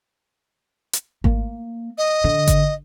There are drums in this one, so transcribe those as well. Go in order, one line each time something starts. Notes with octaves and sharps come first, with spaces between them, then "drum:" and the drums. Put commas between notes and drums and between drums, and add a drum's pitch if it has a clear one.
drum: hi-hat
A#3, drum: kick G#1
D#5
D3
drum: kick G#1, hi-hat